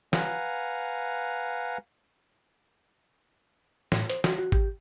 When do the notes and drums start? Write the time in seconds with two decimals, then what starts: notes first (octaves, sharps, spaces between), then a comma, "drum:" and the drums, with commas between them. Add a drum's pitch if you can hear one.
0.13 B4 F5 F#5 G#5 A#5, drum: snare
3.92 A2, drum: snare
4.10 C5, drum: hi-hat
4.24 F#4, drum: snare
4.38 F#4
4.52 G4, drum: kick G#1